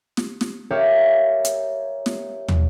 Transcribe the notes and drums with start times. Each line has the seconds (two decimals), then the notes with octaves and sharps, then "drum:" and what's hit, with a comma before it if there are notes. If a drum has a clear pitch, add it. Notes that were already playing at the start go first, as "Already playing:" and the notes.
0.17 drum: snare
0.41 drum: snare
0.71 G4 A#4 C#5 E5 F5 G5
1.45 drum: hi-hat
2.06 drum: snare
2.48 drum: tom